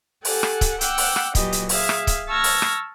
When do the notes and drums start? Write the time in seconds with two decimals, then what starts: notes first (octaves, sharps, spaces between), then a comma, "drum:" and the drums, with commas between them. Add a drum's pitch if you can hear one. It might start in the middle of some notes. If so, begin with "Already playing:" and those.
0.25 G4 A4 F#5 G#5, drum: open hi-hat
0.43 drum: rim click
0.61 drum: kick C#1, hi-hat
0.81 F#5 G5 D6 E6, drum: hi-hat
0.98 drum: open hi-hat
1.16 drum: rim click
1.35 A#2 E3 F#3 G4 D#5, drum: kick C#1, hi-hat
1.52 drum: hi-hat
1.69 G#4 E5 F5, drum: open hi-hat
1.89 drum: rim click
2.07 drum: kick C#1, hi-hat
2.28 A5 C#6 E6 F6 G#6 A#6
2.44 drum: open hi-hat
2.62 drum: rim click